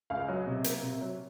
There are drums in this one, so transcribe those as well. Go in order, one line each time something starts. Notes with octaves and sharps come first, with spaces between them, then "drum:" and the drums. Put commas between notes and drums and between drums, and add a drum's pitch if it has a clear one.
C#2 F5
F#3 D#5
C3
A#3, drum: hi-hat
C3
F#3